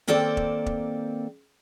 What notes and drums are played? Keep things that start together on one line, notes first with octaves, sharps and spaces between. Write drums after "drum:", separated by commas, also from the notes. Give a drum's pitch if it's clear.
D#3 A#3 C4 A4 C5 D5
drum: kick
drum: kick